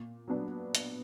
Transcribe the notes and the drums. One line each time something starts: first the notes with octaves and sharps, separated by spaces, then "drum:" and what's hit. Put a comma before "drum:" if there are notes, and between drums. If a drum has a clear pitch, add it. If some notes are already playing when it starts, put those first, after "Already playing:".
Already playing: A#2
F#3 B3 D4
drum: hi-hat